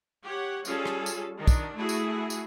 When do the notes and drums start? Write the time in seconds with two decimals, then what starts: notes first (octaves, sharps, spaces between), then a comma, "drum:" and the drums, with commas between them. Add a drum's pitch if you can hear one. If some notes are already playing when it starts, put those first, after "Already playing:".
0.23 G4 C#5 F#5
0.65 G3 C#4 F4 G#4 A4, drum: tambourine
0.86 drum: rim click
1.06 drum: tambourine
1.38 D#3 D4
1.47 drum: kick, tambourine
1.76 A3 E4 F#4 G#4
1.89 drum: tambourine
2.30 drum: tambourine